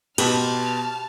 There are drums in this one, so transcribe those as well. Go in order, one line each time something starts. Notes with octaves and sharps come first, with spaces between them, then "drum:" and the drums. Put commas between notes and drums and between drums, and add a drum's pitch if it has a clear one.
B2 G4 B4 C5 A5 F6, drum: cymbal